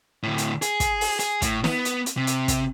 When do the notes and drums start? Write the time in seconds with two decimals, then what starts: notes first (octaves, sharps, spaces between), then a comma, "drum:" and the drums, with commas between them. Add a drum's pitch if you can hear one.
0.23 D2 A2
0.38 drum: hi-hat
0.62 G#4, drum: hi-hat
0.80 drum: kick, hi-hat
1.01 drum: open hi-hat
1.19 G#4, drum: hi-hat
1.42 A2, drum: kick, hi-hat
1.64 B3, drum: snare
1.85 drum: hi-hat
2.06 drum: hi-hat
2.17 C3
2.27 drum: hi-hat
2.48 drum: kick, hi-hat